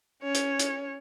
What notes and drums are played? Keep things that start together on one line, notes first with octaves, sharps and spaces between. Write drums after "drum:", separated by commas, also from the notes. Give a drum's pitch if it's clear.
C#4 C#5
drum: hi-hat
drum: hi-hat